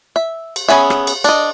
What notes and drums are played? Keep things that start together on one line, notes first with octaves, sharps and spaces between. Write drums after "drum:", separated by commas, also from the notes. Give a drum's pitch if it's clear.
E5
drum: cymbal
B3 C#4 G#4 E5
drum: rim click
drum: cymbal
D4 D#5, drum: cymbal